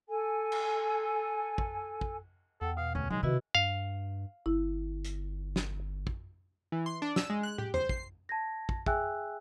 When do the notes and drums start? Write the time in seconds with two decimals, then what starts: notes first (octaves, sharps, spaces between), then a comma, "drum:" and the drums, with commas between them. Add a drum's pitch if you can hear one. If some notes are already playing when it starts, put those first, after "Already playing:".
0.08 A4 G#5
0.52 drum: cymbal
1.58 drum: kick
2.01 drum: kick
2.61 E2 A4 F#5 G5
2.77 B2 F5
2.95 D2 C#4
3.10 D#3 F#3 G#3
3.23 C3 D#3 E4 F#4 B4 D#5
3.55 G2 F5
4.46 G1 E4
5.05 drum: hi-hat
5.56 drum: snare
6.07 drum: kick
6.72 E3
6.86 C6
7.02 D4
7.16 E6, drum: snare
7.30 G#3
7.43 F#6
7.58 G4, drum: tom
7.74 C5, drum: tom E2
7.89 C7, drum: kick
8.29 A5 G#6 A#6
8.69 drum: kick
8.86 G#4 E5 G5 G#5 E6 F#6, drum: kick